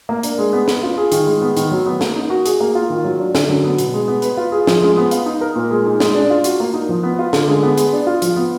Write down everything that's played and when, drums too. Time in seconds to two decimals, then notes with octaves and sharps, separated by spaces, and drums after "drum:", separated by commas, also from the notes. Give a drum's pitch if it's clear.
0.09 A#3
0.23 D4, drum: hi-hat
0.38 G#3
0.53 B3
0.68 B4, drum: snare
0.83 F4
0.98 G#4
1.12 D#3, drum: hi-hat
1.27 G#3
1.41 B3
1.57 D#3, drum: hi-hat
1.71 F#3
1.86 B3
2.01 A#3, drum: snare
2.16 D#4
2.30 F#4
2.46 G#4, drum: hi-hat
2.60 A#3
2.75 F4
2.90 D#3
3.04 F#3
3.19 D4
3.35 D3, drum: snare
3.49 F#3
3.64 B3
3.78 B2, drum: hi-hat
3.94 G#3
4.08 B3
4.22 B4, drum: hi-hat
4.37 F4
4.52 G#4
4.67 F3, drum: snare
4.82 G#3
4.97 B3
5.11 F5, drum: hi-hat
5.26 D#4
5.41 A#4
5.56 A#2
5.71 G#3
5.86 D#4
6.00 G#3, drum: snare
6.15 D4
6.30 F4
6.44 F#4, drum: hi-hat
6.60 A#3
6.74 D#4
6.89 F3
7.03 B3
7.19 F4
7.33 D3, drum: snare
7.48 G#3
7.63 B3
7.77 G#4, drum: hi-hat
7.93 D4
8.07 F4
8.22 F3, drum: hi-hat
8.36 B3